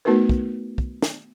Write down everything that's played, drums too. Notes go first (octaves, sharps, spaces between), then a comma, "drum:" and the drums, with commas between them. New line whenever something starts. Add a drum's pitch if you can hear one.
A3 B3 D#4 F#4 A#4 B4
drum: kick
drum: kick
drum: snare